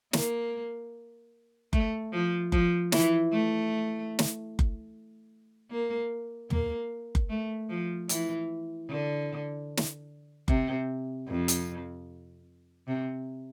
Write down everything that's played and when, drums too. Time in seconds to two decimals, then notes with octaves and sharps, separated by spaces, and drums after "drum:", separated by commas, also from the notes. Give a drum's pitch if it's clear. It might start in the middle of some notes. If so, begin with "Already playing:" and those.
0.13 A#3, drum: snare
1.73 A3, drum: kick F#1
2.13 F3
2.52 F3, drum: kick F#1
2.92 E3, drum: snare
3.32 A3
4.19 drum: snare
4.59 drum: kick F#1
5.71 A#3
6.50 A#3, drum: tom
7.15 drum: kick F#1
7.29 A3
7.70 F3
8.09 E3, drum: hi-hat
8.89 D3
9.77 drum: snare
10.48 C3, drum: kick F#1
11.28 F2
11.48 drum: hi-hat
12.87 C3